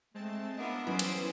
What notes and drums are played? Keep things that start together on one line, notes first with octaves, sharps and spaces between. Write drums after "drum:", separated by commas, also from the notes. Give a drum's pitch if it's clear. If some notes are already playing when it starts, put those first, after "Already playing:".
G#3 A3 C4 A5
B3 D4 E4 F4 A#4 D#5
E3 F#3 G3 C#4 G#4 C5 B5
drum: cymbal